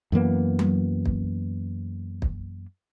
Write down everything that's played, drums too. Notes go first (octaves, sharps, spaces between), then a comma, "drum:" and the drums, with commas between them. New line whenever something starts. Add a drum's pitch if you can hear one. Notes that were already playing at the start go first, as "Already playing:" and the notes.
F#2 E3 A#3 B3
drum: tom F#3
drum: kick
drum: kick